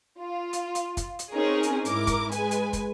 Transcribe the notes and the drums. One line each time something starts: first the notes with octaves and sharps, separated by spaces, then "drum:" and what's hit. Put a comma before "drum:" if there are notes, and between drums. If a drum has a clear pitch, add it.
F4
drum: hi-hat
drum: hi-hat
drum: kick, hi-hat
drum: hi-hat
C4 C#4 D#4 G#4 A#4 C#5
drum: hi-hat
G#2 E4 A#4 D6, drum: hi-hat
drum: kick, hi-hat
G#3 B4 G#5, drum: hi-hat
drum: hi-hat
drum: kick, hi-hat